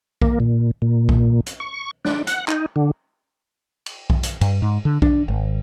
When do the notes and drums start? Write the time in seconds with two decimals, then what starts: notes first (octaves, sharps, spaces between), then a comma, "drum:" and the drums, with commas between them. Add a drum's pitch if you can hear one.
0.22 A#3, drum: kick B1
0.40 A#2
0.82 A#2
1.09 drum: kick B1
1.46 drum: hi-hat
1.60 C#6
2.05 D4, drum: snare
2.27 F#5, drum: hi-hat
2.48 D#4, drum: clap
2.76 D3
3.86 drum: cymbal
4.10 drum: kick B1
4.23 drum: hi-hat
4.41 G2, drum: cymbal
4.62 G#2
4.85 D3
5.02 D4, drum: kick B1
5.28 G#1